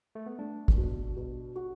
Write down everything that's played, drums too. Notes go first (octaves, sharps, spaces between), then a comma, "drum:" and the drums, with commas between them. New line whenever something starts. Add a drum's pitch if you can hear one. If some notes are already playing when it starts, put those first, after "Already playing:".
A3
B3
A3 D4
drum: kick
B2
B2
F#4